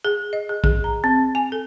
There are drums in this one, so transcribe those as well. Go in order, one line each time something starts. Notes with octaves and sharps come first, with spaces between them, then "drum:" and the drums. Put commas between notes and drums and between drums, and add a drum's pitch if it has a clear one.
G#4
D#5
G#4
G#4, drum: kick
A#5
C4
G#5
A4